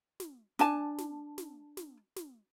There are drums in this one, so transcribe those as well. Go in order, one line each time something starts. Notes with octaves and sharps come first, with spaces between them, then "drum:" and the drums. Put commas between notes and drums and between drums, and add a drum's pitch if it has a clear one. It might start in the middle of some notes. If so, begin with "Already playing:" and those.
drum: snare
D4 G#5 A5, drum: snare
drum: snare
drum: snare
drum: snare
drum: snare